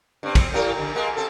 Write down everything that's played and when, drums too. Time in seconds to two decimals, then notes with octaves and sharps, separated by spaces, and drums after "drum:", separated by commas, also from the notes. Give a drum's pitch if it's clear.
0.23 G2 C4
0.35 C4, drum: kick A#1, cymbal
0.54 A2 G4 A#4
0.78 D3
0.95 G#3 A#3
1.17 C4 A4